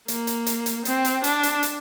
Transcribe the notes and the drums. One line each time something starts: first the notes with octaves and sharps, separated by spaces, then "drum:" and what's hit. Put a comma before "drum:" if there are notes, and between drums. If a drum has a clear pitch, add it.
A#3, drum: hi-hat
drum: hi-hat
drum: hi-hat
drum: hi-hat
C4, drum: hi-hat
drum: hi-hat
D4, drum: hi-hat
drum: hi-hat
drum: hi-hat